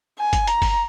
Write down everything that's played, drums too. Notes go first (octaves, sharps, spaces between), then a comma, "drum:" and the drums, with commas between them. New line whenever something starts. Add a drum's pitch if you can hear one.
G#5
drum: kick, hi-hat
A#5, drum: hi-hat
drum: kick, open hi-hat